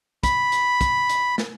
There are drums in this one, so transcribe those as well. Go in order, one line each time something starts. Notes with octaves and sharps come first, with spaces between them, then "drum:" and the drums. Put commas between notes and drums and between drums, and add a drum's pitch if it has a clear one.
B5, drum: kick, hi-hat
drum: hi-hat
drum: kick, hi-hat
drum: hi-hat
drum: snare